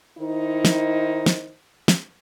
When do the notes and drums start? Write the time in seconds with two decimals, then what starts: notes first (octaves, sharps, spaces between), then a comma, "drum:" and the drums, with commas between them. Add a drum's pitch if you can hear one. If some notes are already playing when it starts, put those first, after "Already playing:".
0.18 D#3 D#4 E4 C5
0.65 drum: snare
1.26 drum: snare
1.88 drum: snare